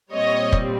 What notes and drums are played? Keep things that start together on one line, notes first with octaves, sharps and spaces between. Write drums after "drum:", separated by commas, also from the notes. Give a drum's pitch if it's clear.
A#2 G3 C4 C#5 D#5
drum: kick